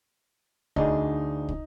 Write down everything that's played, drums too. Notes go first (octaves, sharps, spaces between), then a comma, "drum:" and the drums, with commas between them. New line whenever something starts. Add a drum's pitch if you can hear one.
D2 D4 D#4 G#4, drum: kick
drum: kick